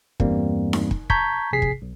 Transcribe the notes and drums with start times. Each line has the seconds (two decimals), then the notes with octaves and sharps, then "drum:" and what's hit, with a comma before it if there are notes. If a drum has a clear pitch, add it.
0.20 E2 G2 E3 G3 A#3 C4, drum: kick
0.73 drum: snare D#4
0.91 drum: kick
1.10 A5 A#5 C#6 G6 G#6 B6, drum: kick
1.53 A#1 C3 G#4 G#5 B6 C7
1.62 drum: kick
1.82 B1